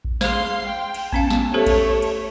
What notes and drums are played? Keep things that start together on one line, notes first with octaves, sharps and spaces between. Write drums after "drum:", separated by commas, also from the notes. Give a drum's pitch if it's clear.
drum: kick A1
G#4 C5 F5 C6, drum: snare
G5
drum: cymbal
B3 C#4 F5 A5, drum: kick A1
drum: snare
A3 G4 A4 C5 C#5
drum: kick A1, cymbal
drum: cymbal